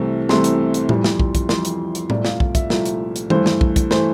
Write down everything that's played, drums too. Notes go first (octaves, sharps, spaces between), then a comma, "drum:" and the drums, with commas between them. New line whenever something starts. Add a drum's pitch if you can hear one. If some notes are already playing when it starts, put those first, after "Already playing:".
Already playing: C2 C3 E3 A3
C2 C3 E3 A3 C6, drum: snare
drum: hi-hat
drum: hi-hat
F2 E3 G3, drum: tom A2
drum: snare
drum: kick
drum: kick, hi-hat
F2 E3 G3 C6, drum: snare
drum: hi-hat
drum: hi-hat
C2 A#2 F3 A3 D5, drum: tom A2
F5, drum: snare
drum: kick
E5, drum: kick, hi-hat
C2 A#2 F3 A3, drum: snare
drum: hi-hat
drum: hi-hat
G2 E3 A3 C5, drum: tom D#3
drum: snare
drum: kick
drum: kick, hi-hat
E3 A3 C5, drum: snare